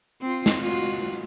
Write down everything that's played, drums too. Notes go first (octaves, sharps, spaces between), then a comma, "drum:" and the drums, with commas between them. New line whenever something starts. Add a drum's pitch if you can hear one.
C4 F4
drum: snare
F4 F#4